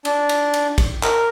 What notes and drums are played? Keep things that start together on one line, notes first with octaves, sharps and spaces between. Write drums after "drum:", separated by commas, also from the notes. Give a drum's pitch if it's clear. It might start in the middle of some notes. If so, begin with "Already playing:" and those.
D4, drum: cymbal
drum: cymbal
drum: cymbal
drum: kick, cymbal
A#4, drum: clap